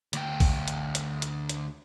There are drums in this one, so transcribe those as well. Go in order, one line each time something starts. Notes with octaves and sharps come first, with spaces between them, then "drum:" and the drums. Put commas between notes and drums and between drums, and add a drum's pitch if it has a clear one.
D2 G5, drum: hi-hat
drum: kick A#1, open hi-hat
drum: hi-hat
drum: hi-hat
drum: hi-hat
drum: hi-hat